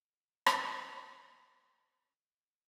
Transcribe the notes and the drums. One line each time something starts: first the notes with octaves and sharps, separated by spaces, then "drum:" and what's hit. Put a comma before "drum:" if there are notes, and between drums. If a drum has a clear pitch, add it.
F#4 G4 A#4 D5 E5
drum: rim click